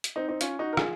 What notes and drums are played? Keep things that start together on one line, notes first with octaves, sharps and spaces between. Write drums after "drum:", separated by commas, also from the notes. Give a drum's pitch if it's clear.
drum: hi-hat
C4 D#4
C4 D#4
C#4 F4, drum: hi-hat
D#4 F#4
A#4
F4 G#4, drum: rim click